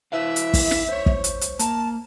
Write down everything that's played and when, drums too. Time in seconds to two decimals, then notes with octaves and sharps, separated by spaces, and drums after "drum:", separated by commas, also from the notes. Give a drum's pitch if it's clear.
0.12 E4 B4 E5 F5
0.36 drum: hi-hat
0.54 drum: kick, open hi-hat
0.71 drum: snare
0.89 C5 C#5
1.06 drum: kick
1.24 drum: hi-hat
1.41 drum: hi-hat
1.59 A#3 A5, drum: hi-hat